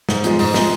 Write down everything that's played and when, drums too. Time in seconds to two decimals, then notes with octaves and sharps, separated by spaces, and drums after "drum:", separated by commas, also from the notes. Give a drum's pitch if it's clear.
0.09 G#2, drum: snare
0.24 F3 G#3, drum: hi-hat
0.39 G#2, drum: open hi-hat
0.54 F3 G#3, drum: snare